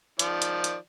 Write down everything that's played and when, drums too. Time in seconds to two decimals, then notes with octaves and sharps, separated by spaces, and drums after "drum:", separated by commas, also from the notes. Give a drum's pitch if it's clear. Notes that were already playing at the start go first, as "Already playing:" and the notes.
0.19 D#3 F3 D5, drum: hi-hat
0.42 drum: hi-hat
0.64 drum: hi-hat